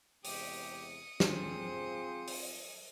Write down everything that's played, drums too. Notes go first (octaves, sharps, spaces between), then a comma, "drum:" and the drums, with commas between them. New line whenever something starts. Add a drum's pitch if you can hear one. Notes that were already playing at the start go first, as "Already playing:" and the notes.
E2 C3 G#3 G4 D#6 C#7, drum: open hi-hat
C4 F4 G#4 C5, drum: snare
drum: open hi-hat